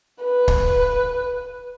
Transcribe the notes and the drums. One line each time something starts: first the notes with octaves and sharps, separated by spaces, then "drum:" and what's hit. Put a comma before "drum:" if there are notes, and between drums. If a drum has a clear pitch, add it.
B4
drum: kick